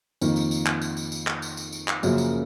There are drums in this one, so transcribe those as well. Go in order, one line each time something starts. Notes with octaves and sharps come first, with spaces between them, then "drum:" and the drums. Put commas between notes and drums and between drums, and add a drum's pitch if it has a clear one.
F2 D#3 A#3, drum: tambourine
drum: tambourine
drum: tambourine
drum: clap
drum: tambourine
drum: tambourine
drum: tambourine
drum: clap
drum: tambourine
drum: tambourine
drum: tambourine
drum: clap
F#2 C#3 F3 A#3, drum: tambourine
drum: tambourine